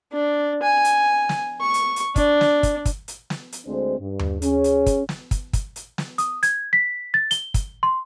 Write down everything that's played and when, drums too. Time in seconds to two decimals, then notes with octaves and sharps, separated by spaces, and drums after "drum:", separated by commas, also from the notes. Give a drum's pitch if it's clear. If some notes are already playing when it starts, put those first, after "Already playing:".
0.12 D4
0.63 G#5
0.85 drum: hi-hat
1.29 drum: snare
1.61 C#6
1.74 drum: hi-hat
1.96 drum: hi-hat
2.16 D4, drum: kick, hi-hat
2.41 drum: snare
2.63 drum: kick, hi-hat
2.86 drum: kick, hi-hat
3.08 drum: hi-hat
3.30 drum: snare
3.52 drum: hi-hat
3.66 D2 G#3 C4 D4 C5
4.00 G2
4.19 drum: tom D#2
4.42 C#4 G#4, drum: hi-hat
4.64 drum: hi-hat
4.86 drum: kick, hi-hat
5.09 drum: snare
5.31 drum: kick, hi-hat
5.53 drum: kick, hi-hat
5.76 drum: hi-hat
5.98 drum: snare
6.18 D#6, drum: hi-hat
6.43 G#6, drum: hi-hat
6.73 B6
7.14 A6
7.31 G7, drum: hi-hat
7.54 drum: kick, hi-hat
7.83 C6